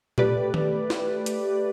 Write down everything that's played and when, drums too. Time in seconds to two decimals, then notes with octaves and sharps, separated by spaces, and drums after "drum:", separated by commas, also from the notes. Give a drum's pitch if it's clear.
0.18 A3 G4 B4 D5, drum: tom A#2
0.54 drum: tom D#3
0.90 drum: snare
1.26 drum: hi-hat